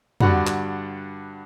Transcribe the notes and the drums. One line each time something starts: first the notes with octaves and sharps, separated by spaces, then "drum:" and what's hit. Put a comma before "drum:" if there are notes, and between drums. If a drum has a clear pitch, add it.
G2 D3 F#4 F#5 B5, drum: tom
drum: clap